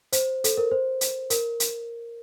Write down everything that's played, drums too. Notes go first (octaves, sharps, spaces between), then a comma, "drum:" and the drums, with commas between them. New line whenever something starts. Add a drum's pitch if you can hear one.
C5, drum: hi-hat
A4, drum: hi-hat
A#4
C5
drum: hi-hat
A#4, drum: hi-hat
drum: hi-hat